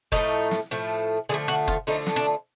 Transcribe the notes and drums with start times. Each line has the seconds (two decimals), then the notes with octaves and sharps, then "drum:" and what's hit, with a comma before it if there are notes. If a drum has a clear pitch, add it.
0.12 A2 F3 A3 D#4, drum: kick F#1
0.51 drum: snare
0.71 A2 F3 A3
1.29 D3 F3 A3 G#4
1.48 F#4
1.68 F4, drum: kick F#1
1.87 D3 F3 A3 D#4
2.07 drum: snare
2.16 D4